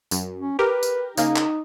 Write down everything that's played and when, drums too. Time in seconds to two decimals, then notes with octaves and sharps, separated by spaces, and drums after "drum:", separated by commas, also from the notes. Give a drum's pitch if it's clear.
0.11 F#2, drum: tambourine
0.39 C#4
0.59 G4 A#4 B4
0.83 drum: tambourine
1.17 C#3 A#3 D#4, drum: tambourine
1.36 drum: clap